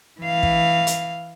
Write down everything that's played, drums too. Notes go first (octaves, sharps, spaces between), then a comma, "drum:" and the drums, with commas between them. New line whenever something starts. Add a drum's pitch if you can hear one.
E3 F5
drum: kick
drum: hi-hat